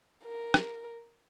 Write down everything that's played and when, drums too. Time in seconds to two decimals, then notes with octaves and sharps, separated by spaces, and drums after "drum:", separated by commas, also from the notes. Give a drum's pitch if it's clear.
0.24 A#4
0.54 drum: rim click